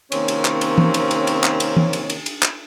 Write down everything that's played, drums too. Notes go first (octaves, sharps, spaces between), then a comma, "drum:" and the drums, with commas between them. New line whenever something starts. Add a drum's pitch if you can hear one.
C3 D#3 A#3 C4 C#4, drum: cymbal
drum: cymbal
drum: clap
drum: cymbal
drum: tom E3
drum: cymbal
drum: cymbal
drum: cymbal
drum: clap
drum: cymbal
drum: tom E3
drum: cymbal
drum: cymbal
drum: cymbal
drum: clap